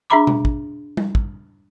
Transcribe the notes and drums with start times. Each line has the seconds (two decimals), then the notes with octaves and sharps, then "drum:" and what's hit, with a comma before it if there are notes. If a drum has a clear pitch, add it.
0.10 D4 G#4 E5 A#5 B5 D6
0.27 drum: tom B2
0.45 drum: kick
0.97 drum: tom G3
1.15 drum: kick